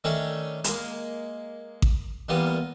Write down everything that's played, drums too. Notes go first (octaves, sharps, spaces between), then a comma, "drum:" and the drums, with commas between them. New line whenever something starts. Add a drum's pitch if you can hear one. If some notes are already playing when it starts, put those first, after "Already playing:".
D#3 A3 C#4 D4 C#5
G#3 A#3, drum: hi-hat
drum: kick A1
E2 G3 A#3 B3 F4 D#6